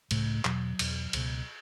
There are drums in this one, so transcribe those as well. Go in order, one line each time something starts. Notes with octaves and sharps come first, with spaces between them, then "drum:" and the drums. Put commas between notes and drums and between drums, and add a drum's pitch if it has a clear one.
C#2 A2 C#3 A3, drum: cymbal
E2 B2 F#3, drum: clap
E2 B2, drum: cymbal
C#2 B2, drum: cymbal